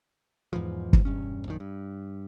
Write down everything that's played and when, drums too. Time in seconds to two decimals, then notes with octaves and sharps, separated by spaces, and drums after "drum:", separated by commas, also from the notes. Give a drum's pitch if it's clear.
0.53 E2 G#2 E3 F3
0.93 drum: kick
1.05 E1 G2 C#4
1.45 A#1 F#2 D#3
1.60 G2